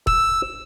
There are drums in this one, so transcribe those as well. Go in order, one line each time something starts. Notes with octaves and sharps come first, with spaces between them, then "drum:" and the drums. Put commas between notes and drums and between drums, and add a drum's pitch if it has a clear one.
E6, drum: kick E1